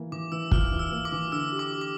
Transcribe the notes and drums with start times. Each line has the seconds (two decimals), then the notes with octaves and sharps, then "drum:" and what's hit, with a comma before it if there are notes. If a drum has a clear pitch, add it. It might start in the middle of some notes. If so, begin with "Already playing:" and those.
Already playing: E3 A#3
0.12 E3 D6
0.32 E3 E6
0.52 F4 F6, drum: kick
0.72 E3
0.79 E6
0.92 A#3
1.05 D6
1.12 E3
1.32 D3 E6
1.52 G4
1.59 D6
1.73 G4
1.81 D6